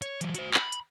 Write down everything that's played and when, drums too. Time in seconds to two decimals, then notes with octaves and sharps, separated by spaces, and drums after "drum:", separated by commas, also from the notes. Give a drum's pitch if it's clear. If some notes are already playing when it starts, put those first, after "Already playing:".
0.02 C#5, drum: hi-hat
0.21 E3 F#3, drum: hi-hat
0.35 F#4 C5, drum: hi-hat
0.54 B5, drum: clap
0.72 drum: hi-hat